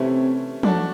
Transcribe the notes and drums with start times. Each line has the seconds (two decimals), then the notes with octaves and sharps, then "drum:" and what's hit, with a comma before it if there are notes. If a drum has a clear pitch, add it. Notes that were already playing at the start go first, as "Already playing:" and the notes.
Already playing: C3 E3 A3 C#4 E4
0.63 A3 D4 F#4 A4, drum: tom